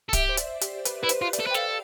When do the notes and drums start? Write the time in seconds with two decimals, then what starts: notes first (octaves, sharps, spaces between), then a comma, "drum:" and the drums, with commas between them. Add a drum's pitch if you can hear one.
0.09 A4
0.13 G4 E5, drum: kick D1, hi-hat
0.29 C5
0.37 D5, drum: hi-hat
0.61 G4, drum: hi-hat
0.85 B4, drum: hi-hat
1.03 E4 B4
1.09 C5, drum: hi-hat
1.22 F4
1.33 D5, drum: hi-hat
1.40 A4
1.46 B4
1.51 G5
1.54 A4 F5, drum: snare